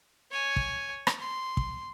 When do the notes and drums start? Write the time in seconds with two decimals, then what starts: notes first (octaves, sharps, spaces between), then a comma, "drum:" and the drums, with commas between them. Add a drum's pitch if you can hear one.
0.31 C#5 G#5
0.56 drum: kick
1.07 drum: rim click
1.20 C6
1.57 drum: kick